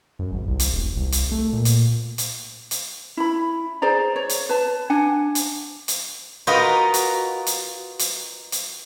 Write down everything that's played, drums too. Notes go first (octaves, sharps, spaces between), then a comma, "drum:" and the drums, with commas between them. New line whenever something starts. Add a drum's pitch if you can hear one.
F#2
G#1
C2
drum: hi-hat
E1
C2
drum: hi-hat
A3
A#2
drum: hi-hat
drum: hi-hat
drum: hi-hat
E4 B5
G#4 C5 D5 A#5
C#5
drum: hi-hat
B4 A5
D4 F#5 G#5
drum: hi-hat
drum: hi-hat
D#4 F4 F#4 A#4 B4 D#5
drum: hi-hat
drum: hi-hat
drum: hi-hat
drum: hi-hat